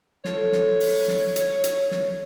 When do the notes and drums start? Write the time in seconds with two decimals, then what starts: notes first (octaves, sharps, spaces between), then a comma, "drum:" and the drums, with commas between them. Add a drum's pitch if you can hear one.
0.25 C4 F4 A4 C#5, drum: snare
0.52 drum: snare
0.80 drum: open hi-hat
1.08 drum: snare
1.36 drum: hi-hat
1.64 drum: hi-hat
1.91 drum: snare